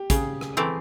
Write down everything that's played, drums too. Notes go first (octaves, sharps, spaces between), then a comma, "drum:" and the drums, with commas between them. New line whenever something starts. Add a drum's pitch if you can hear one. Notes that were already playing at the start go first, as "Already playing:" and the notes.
Already playing: G4
C#3 G#4, drum: kick, hi-hat
drum: rim click
E3 A3 C4